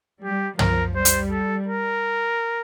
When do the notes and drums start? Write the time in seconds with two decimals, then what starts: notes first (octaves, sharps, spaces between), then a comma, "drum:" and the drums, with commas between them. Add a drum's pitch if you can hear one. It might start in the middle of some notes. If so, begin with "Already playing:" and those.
0.23 G3 G4
0.59 F3 A#4, drum: tom
0.96 G3 C5
1.05 drum: hi-hat
1.32 A4
1.68 A#4